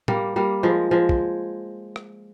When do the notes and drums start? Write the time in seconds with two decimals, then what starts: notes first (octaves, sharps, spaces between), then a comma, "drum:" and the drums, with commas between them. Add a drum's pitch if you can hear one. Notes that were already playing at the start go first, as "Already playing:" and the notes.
0.08 G3 A#3, drum: tom
0.36 G3 A#3
0.63 F3 G#3
0.91 F3 G#3
1.09 drum: kick
1.96 drum: rim click